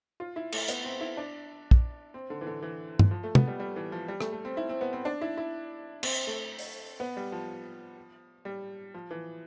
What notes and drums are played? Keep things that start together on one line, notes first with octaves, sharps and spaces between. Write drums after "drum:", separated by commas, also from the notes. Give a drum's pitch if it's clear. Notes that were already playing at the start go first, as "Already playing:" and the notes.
F4
E4
A3, drum: cymbal
B3, drum: hi-hat
C4
E4
D4
drum: kick
C4
D3
E3
D3
E3
drum: tom G2
F3
A3
B3, drum: tom
G3
G3
E3
F3
G3
A3, drum: rim click
A3
C4
E4
C4
B3
C4
D4
E4
E4
C4, drum: cymbal
A3
drum: open hi-hat
B3
G3
F3
G3
F3
E3